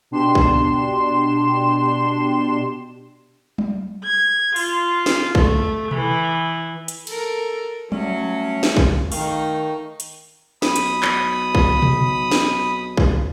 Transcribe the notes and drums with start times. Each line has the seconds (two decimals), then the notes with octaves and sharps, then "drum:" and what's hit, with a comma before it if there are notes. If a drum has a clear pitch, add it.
0.11 B2 D4 G4 C6 E7
0.35 drum: kick
3.58 drum: tom F#3
4.05 G#6
4.56 F4, drum: open hi-hat
5.06 drum: snare
5.35 A3, drum: kick
5.91 E3, drum: tom B2
6.88 drum: hi-hat
7.07 A4 A#4, drum: cymbal
7.92 F#3 G3 A3 C#4, drum: tom F#3
8.63 drum: snare
8.77 drum: kick
9.12 D#3 A3 D#4 F5 C#6, drum: open hi-hat
10.00 drum: hi-hat
10.62 B1 B5 D#6, drum: snare
10.76 drum: hi-hat
11.03 drum: clap
11.55 drum: kick
11.82 drum: tom B2
12.31 drum: snare
12.97 drum: kick